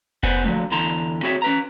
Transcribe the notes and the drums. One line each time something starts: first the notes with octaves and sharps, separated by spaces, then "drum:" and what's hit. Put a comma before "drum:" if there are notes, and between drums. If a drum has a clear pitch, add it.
B3 B4 C5 F#5 G#5, drum: kick F1
D3 F3 F#3 A3 C4
E2 D3 E4 A5 A#5 C6
C4 F#4 G#4 C#5 D5 E5
C#4 B4 A#5